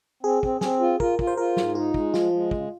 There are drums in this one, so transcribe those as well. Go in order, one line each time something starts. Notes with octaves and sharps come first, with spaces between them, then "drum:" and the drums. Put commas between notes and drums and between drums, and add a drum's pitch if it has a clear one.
C4 G#4
C4, drum: kick
C4 G#4, drum: snare
F4
F4 A#4, drum: kick
F4, drum: kick
C5
F4 A#4
G#2, drum: snare
D#4 F4
G#3, drum: kick
F3 F4, drum: snare
G#3
C#3, drum: kick